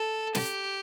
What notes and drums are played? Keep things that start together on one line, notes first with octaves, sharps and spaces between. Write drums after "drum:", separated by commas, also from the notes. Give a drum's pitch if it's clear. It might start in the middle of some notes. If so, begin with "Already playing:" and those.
Already playing: A4
G4, drum: snare